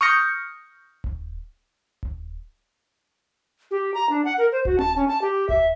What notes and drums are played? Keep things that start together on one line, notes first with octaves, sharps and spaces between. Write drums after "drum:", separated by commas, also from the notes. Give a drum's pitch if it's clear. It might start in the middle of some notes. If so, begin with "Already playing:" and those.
C#6 D#6 F6 G6 A#6 C#7
drum: kick D#1
drum: kick D#1
G4
A#5
D4
F#5
A#4
C5
F#4, drum: kick D#1
A5, drum: tom C4
C#4
A5
G4
E5, drum: kick D#1